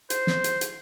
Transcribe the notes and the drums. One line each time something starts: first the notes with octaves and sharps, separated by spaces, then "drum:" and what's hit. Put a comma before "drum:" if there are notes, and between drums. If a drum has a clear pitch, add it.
C5, drum: hi-hat
drum: snare
drum: hi-hat
drum: hi-hat